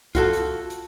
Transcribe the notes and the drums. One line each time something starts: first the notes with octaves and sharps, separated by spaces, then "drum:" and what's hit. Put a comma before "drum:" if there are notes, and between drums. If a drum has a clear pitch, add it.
F4 F#4 A4, drum: kick C2, hi-hat
drum: hi-hat
drum: hi-hat